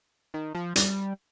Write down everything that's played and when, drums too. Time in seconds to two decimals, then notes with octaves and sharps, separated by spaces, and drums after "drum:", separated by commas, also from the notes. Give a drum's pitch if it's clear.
0.34 D#3
0.55 F3
0.76 G3, drum: hi-hat